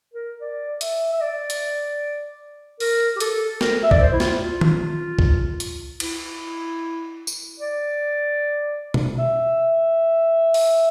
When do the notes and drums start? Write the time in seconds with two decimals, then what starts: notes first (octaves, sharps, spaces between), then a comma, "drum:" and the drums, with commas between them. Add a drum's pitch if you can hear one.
0.14 A#4
0.41 D5
0.81 E5, drum: hi-hat
1.12 E5
1.21 D5
1.50 drum: hi-hat
2.80 A#4, drum: open hi-hat
3.16 G4
3.20 A4, drum: hi-hat
3.61 A#4, drum: snare
3.83 E5
3.91 D5, drum: kick C#2
4.00 C5
4.13 E4
4.20 F4, drum: snare
4.41 F4
4.61 drum: tom
5.19 drum: kick C#2
5.60 drum: hi-hat
6.00 E4, drum: cymbal
7.27 drum: tambourine
7.60 D5
8.94 drum: tom B2
9.19 E5
10.54 drum: open hi-hat